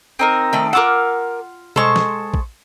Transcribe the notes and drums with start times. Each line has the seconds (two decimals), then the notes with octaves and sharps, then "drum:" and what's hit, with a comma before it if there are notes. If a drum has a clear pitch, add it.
0.19 C4 D#4 A#4
0.53 D#3 A3 G5
0.73 F4 A#4 F#5 D6 E6
1.76 G#3 A4 C5 C#6, drum: tom B2
1.96 drum: snare
2.34 drum: kick